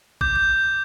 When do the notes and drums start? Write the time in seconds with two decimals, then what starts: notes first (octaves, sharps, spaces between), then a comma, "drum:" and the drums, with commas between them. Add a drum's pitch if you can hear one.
0.21 D6 G6, drum: kick A1
0.36 G6